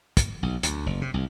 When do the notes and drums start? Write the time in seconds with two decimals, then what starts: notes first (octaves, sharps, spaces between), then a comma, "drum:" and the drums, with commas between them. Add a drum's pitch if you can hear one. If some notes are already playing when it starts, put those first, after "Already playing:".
0.17 drum: kick, hi-hat
0.43 B1
0.63 D2, drum: hi-hat
0.86 F#1
1.02 C3
1.14 C2